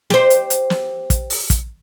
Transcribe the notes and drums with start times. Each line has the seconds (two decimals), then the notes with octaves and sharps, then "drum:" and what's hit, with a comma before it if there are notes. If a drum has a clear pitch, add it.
0.10 G4 C5, drum: snare
0.30 drum: hi-hat
0.50 drum: hi-hat
0.70 drum: snare
1.10 drum: kick, hi-hat
1.30 drum: open hi-hat
1.50 drum: kick, hi-hat